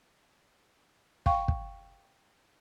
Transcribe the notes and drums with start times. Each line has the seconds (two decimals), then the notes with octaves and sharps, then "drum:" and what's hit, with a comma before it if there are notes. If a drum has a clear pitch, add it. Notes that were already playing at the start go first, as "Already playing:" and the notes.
1.26 F5 G5 C#6, drum: kick
1.48 drum: kick